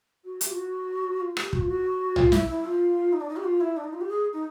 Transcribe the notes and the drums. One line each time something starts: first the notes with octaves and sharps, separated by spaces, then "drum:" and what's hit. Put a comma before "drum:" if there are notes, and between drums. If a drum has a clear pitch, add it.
F#4
G4, drum: hi-hat
F4
F#4
F4
G4, drum: rim click
F#4, drum: kick
F4
F#4
F4, drum: tom B1
E4, drum: snare
E4
F4
D#4
D4
D#4
G4
F4
E4
D4
D#4
F4
G4
G#4
D#4